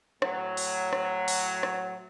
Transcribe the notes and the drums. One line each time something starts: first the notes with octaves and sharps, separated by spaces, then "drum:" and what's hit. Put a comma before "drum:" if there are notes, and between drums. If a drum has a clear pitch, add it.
A2 F#3, drum: rim click
drum: open hi-hat
drum: rim click
drum: open hi-hat
drum: rim click